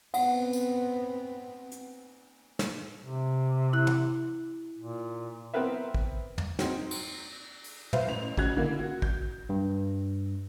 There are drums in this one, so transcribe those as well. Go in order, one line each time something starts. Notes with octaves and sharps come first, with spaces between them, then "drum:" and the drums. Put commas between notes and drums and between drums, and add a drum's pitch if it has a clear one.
B3 C4 F#5, drum: cymbal
drum: tambourine
drum: hi-hat
drum: snare
C3
E4 F#6
drum: tom
A#2
B3 C4 A#4 B4 E5
drum: kick
drum: tom
F#3 C4 D#4, drum: snare
drum: cymbal
drum: open hi-hat
B4 C5 E5 F5, drum: tom
A1 F7
C#3 F#4 F#6 G#6, drum: kick
D3 A#3 E4
F#4
G6, drum: kick
G2